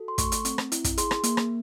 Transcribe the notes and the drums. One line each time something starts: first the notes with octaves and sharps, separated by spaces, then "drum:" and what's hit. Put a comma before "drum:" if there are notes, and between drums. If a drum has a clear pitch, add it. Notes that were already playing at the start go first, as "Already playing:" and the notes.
Already playing: F#4 A4
C6
A3 C#6, drum: kick, hi-hat
drum: hi-hat
C4, drum: hi-hat
drum: rim click
E4, drum: hi-hat
drum: kick, hi-hat
G#4 C6, drum: hi-hat
drum: rim click
A#3, drum: hi-hat
drum: rim click